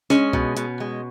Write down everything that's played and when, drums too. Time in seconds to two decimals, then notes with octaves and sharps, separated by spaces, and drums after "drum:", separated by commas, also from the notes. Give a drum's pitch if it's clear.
0.10 G#3 C#4, drum: snare
0.33 B2, drum: kick
0.57 B2, drum: hi-hat
0.80 G#3